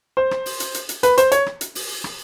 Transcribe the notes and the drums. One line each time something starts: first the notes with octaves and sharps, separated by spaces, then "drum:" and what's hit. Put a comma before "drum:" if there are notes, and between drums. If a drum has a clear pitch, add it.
C5
drum: rim click
drum: open hi-hat
drum: hi-hat
drum: hi-hat
drum: hi-hat
B4, drum: hi-hat
C5, drum: hi-hat
C#5, drum: hi-hat
drum: rim click
drum: hi-hat
drum: open hi-hat
drum: rim click